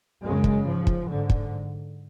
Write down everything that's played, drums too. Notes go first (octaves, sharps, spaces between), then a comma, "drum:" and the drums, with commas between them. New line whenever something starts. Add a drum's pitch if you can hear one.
F#2 C#3 G#3
drum: kick
G#2 F3
drum: kick
G#2 D3
drum: kick